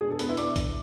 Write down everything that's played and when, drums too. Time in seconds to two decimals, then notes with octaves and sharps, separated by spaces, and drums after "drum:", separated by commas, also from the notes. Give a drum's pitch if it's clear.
0.01 B2 B3 D4 G#4
0.10 A4
0.19 B3 B4, drum: hi-hat
0.29 E4 E5
0.37 D5 D6, drum: hi-hat
0.56 drum: kick A#1, hi-hat